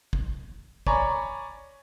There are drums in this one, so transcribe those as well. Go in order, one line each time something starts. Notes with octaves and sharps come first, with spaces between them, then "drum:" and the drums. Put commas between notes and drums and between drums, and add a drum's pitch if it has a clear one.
drum: kick
C#5 D5 G#5 A#5 B5 C#6, drum: kick